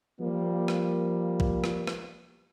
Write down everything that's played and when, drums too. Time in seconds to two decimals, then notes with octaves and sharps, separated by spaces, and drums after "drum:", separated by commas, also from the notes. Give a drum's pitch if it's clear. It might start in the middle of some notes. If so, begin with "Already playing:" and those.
0.21 F3 G3 A#3
0.68 drum: rim click
1.40 drum: kick
1.64 drum: rim click
1.87 drum: rim click